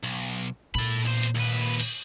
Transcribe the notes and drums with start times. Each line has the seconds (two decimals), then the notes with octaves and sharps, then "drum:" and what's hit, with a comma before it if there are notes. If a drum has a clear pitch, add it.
0.03 B1
0.75 A#2 A4 B5
1.05 E2 C5
1.23 drum: hi-hat
1.35 D#2 B4
1.80 drum: cymbal